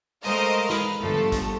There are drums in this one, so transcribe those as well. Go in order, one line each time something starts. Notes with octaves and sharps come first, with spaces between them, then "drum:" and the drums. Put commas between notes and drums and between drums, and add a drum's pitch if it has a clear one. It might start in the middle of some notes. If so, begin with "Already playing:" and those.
G#3 A3 A#4 C5 D#5 F5
B4 F5, drum: snare
G1 F3 A3 A4
drum: kick G#1, hi-hat